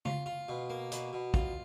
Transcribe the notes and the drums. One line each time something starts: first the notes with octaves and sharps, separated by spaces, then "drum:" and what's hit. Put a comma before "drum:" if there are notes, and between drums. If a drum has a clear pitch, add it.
F4, drum: tom
F4
B2
A#3
B2, drum: hi-hat
B2
F4, drum: kick